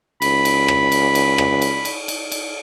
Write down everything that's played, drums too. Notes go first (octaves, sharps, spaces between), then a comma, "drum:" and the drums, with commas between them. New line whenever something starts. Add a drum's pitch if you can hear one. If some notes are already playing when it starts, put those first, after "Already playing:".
C#2 B5, drum: cymbal
drum: cymbal
drum: rim click
drum: cymbal
drum: cymbal
drum: rim click
drum: cymbal
drum: cymbal
drum: cymbal
drum: cymbal